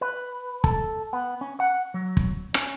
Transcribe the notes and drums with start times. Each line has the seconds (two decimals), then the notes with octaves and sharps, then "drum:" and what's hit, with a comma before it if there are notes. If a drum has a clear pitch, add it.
0.01 B4
0.64 A4, drum: kick
1.13 B3
1.41 C#4
1.60 F#5
1.94 F#3
2.17 drum: kick
2.54 C#4, drum: rim click